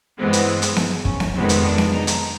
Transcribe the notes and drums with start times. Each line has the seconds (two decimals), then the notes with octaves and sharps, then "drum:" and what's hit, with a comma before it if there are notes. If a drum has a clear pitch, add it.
0.18 G2 E3 G#3 B3 C4
0.33 drum: hi-hat
0.62 drum: hi-hat
0.76 drum: snare B3
1.05 C#4, drum: kick
1.20 drum: snare B3
1.34 F2 C3 D#3 G#3 B3 C4
1.49 drum: hi-hat
1.64 D4
1.78 drum: snare B3
1.93 D#4
2.07 drum: hi-hat